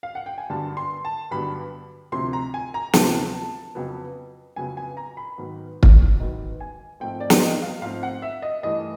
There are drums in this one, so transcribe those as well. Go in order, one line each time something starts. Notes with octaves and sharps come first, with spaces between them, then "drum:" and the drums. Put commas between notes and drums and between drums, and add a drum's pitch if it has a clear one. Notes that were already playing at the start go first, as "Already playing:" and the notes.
F5
F#5
G5
G#5
G2 D3 F#3 B3 A5
C6
A5
G2 D3 F#3 B3 B5
D2 C3 F3 C6
A#5
G#5
A#5
D2 C3 F3 A5, drum: snare
F2 C#3 F#3 B3
F2 C#3 F#3 B3 G#5
G#5
A#5
B5
G#2 D#3 F#3 B3
drum: kick
G#2 D#3 F#3 B3
G#5
G#2 F3 A3 C4 G5
D5
drum: snare
D#5
F5
G#2 F3 A3 C4 F5
F#5
E5
D#5
G2 E3 A3 D#5